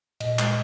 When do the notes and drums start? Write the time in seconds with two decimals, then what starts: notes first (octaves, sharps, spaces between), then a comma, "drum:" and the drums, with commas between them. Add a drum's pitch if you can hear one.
0.20 A#2 D#5, drum: cymbal
0.39 G#3, drum: clap